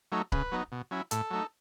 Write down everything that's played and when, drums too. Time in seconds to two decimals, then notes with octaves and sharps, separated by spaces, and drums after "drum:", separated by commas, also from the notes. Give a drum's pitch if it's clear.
0.12 F#3 A3 D#4 C#5
0.32 C#3 B4, drum: kick C#1
0.52 F#3 B3 D#4
0.72 B2
0.91 F#3 C#4 E4
1.11 A2 A4, drum: hi-hat
1.31 F#3 A3 D#4